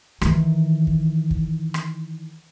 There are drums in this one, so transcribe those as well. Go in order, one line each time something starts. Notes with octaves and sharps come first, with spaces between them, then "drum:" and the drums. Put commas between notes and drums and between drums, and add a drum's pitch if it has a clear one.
D#3 E3, drum: rim click
drum: kick
drum: kick
drum: rim click